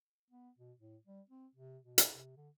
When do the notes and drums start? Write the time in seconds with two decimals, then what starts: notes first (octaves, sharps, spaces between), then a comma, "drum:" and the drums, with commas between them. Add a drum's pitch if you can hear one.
0.30 B3
0.58 B2
0.80 A2
1.07 G3
1.30 C4
1.55 C3
1.83 B2
1.98 drum: hi-hat
2.12 C3
2.37 D3